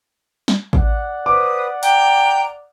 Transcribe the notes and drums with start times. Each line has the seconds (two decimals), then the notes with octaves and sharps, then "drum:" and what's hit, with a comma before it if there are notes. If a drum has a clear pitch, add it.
0.48 drum: snare
0.73 D5 F#5, drum: kick A1
1.26 B4 C5 D6 D#6
1.83 G5 A#5, drum: hi-hat